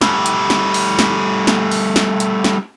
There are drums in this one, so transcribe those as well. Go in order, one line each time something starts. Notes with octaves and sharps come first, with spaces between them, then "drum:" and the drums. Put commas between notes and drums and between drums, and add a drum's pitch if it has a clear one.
G3 A3, drum: snare
drum: hi-hat
drum: snare
drum: open hi-hat
drum: snare
drum: snare
drum: open hi-hat
drum: snare
drum: hi-hat
drum: snare